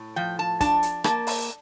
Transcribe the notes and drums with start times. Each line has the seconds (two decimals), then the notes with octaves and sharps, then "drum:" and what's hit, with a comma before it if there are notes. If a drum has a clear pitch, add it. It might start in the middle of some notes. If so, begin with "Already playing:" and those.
Already playing: A2
0.16 F3 G5
0.39 A5
0.61 D4 A5, drum: kick, hi-hat
0.83 drum: hi-hat
1.04 A#3 A5, drum: rim click
1.27 drum: open hi-hat